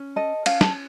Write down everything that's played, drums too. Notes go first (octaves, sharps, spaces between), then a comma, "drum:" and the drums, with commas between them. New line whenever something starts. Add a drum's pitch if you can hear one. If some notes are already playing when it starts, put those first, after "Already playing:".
Already playing: C#4
A4 D#5
C#4 F5, drum: cymbal
A5, drum: snare